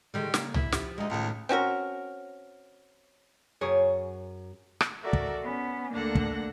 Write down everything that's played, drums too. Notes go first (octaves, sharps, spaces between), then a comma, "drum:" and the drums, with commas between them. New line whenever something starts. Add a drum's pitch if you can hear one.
D3 D#3 G3 G#3
C#3 A#3, drum: snare
E4, drum: tom C2
F3 G4, drum: snare
D2 G#3 D#4
C#2 A2 D#3
C4 C#4 F#4 A#4
F#2 G#4 C#5
drum: rim click
F#4 A4 A#4 D5 E5
drum: kick
B3 C#4
D2 A#3 D4 A4 F#5 A#6
drum: kick